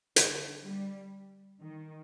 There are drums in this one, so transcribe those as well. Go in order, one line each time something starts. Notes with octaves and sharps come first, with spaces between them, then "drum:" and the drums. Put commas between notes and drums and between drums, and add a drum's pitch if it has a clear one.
D3, drum: hi-hat
G3
D#3